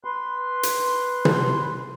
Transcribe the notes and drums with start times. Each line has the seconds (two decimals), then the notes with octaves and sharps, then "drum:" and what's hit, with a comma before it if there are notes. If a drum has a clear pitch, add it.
0.05 B4 C6
0.63 drum: hi-hat
1.25 drum: tom